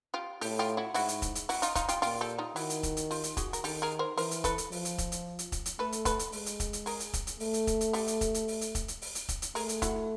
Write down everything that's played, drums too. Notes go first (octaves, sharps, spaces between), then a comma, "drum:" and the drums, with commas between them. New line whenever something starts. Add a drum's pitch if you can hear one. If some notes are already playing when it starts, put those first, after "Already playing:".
F4 G4
A2 G4 A4, drum: open hi-hat
F4 G4
E4 F#4
G#2 E4 F#4, drum: open hi-hat
drum: hi-hat
drum: kick, hi-hat
drum: hi-hat
E4 F#4, drum: open hi-hat
D#4 F4, drum: hi-hat
D#4 F4, drum: kick, hi-hat
F4 G4, drum: hi-hat
A#2 F4 G4, drum: open hi-hat
G4 A4
D#4 F4
D#3 E4 F#4, drum: open hi-hat
drum: hi-hat
drum: kick, hi-hat
drum: hi-hat
F4 G4, drum: open hi-hat
drum: hi-hat
F#4 G#4, drum: kick, hi-hat
A#4, drum: hi-hat
D#3 G4 A4, drum: open hi-hat
G#4 A#4
A#4 C5
E3 A#4 C5, drum: open hi-hat
drum: hi-hat
A4 B4, drum: kick, hi-hat
drum: hi-hat
F3, drum: open hi-hat
drum: hi-hat
drum: kick, hi-hat
drum: hi-hat
drum: hi-hat
drum: kick, hi-hat
drum: hi-hat
A3 A4 B4
drum: hi-hat
A4 B4, drum: kick, hi-hat
drum: hi-hat
G#3, drum: open hi-hat
drum: hi-hat
drum: kick, hi-hat
drum: hi-hat
G#4 A#4, drum: open hi-hat
drum: hi-hat
drum: kick, hi-hat
drum: hi-hat
A3, drum: open hi-hat
drum: hi-hat
drum: kick, hi-hat
drum: hi-hat
G4 A4, drum: open hi-hat
drum: hi-hat
drum: kick, hi-hat
drum: hi-hat
drum: open hi-hat
drum: hi-hat
drum: kick, hi-hat
drum: hi-hat
drum: open hi-hat
drum: hi-hat
drum: kick, hi-hat
drum: hi-hat
A3 G#4 A#4, drum: open hi-hat
drum: hi-hat
E4 F#4, drum: kick, hi-hat